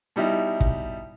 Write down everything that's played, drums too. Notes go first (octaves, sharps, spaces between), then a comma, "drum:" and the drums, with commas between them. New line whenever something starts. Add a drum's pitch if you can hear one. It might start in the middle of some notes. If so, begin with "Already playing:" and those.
B2 G3 D#4 E4
drum: kick